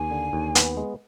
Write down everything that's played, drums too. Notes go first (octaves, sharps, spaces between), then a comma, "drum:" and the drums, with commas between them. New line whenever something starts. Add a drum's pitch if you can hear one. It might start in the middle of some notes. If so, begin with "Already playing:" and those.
Already playing: D#2 G#5
D3
D#2
B3, drum: hi-hat
G#3